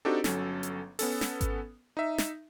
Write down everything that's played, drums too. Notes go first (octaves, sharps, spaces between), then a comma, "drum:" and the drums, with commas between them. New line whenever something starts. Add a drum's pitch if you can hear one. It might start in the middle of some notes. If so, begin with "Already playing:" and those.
C4 D4 D#4 F#4 G4 A4
G1 F#3 C#4 A4, drum: snare
drum: hi-hat
B3 C#4 A4, drum: open hi-hat
drum: snare
drum: kick G#1, hi-hat
D#4 E5
drum: snare